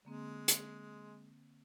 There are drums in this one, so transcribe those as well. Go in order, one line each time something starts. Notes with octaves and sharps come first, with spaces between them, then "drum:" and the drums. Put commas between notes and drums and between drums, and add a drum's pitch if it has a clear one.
D3 G#3 A#3 C4
drum: hi-hat